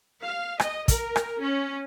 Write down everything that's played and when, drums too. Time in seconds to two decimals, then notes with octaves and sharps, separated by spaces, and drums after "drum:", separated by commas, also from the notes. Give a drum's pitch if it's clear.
0.22 F5
0.60 D#5, drum: rim click
0.88 A#4, drum: kick, hi-hat
1.16 drum: rim click
1.40 C#4